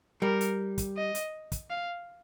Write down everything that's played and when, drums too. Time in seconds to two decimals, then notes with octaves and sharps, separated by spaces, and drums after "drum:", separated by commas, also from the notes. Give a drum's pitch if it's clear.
0.22 G3 A#4
0.41 drum: hi-hat
0.78 drum: kick, hi-hat
0.97 D#5
1.15 drum: hi-hat
1.52 drum: kick, hi-hat
1.70 F5